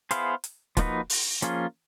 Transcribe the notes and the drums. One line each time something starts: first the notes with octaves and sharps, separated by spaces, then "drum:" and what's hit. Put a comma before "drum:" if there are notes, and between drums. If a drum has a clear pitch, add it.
B3 E4 G#4 C5 F5, drum: hi-hat
drum: hi-hat
F3 A#3 D#4 F#4 B4, drum: kick, hi-hat
drum: open hi-hat
F3 A#3 C#4 F4 G#4, drum: hi-hat